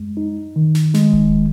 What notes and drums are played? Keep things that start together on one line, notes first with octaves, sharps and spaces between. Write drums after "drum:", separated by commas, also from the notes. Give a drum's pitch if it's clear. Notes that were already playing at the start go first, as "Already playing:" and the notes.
Already playing: F#2 G#3
D#4
D#3
drum: snare
G#3, drum: snare
drum: kick D#1